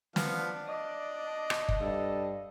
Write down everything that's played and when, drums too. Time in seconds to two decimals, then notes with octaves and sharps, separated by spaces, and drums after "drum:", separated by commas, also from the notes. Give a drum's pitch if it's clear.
0.16 F3 B3 D4 F5, drum: snare
0.68 D5 D#5
1.50 drum: rim click
1.69 drum: kick
1.80 G2 A4